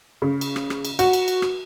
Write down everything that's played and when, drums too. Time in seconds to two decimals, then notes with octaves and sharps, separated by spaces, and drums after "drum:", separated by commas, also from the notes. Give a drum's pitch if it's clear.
0.22 C#3
0.41 drum: cymbal
0.56 drum: rim click
0.70 drum: rim click
0.85 drum: cymbal
0.99 F#4, drum: cymbal
1.13 drum: cymbal
1.28 drum: cymbal
1.42 drum: rim click